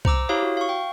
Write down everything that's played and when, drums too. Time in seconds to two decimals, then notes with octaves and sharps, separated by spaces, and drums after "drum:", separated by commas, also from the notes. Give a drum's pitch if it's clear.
0.05 C5 A#5 D6 E6, drum: kick C2
0.29 E4 G4 C#5 F5 D#6
0.43 F#4
0.57 F5 C#6
0.69 G5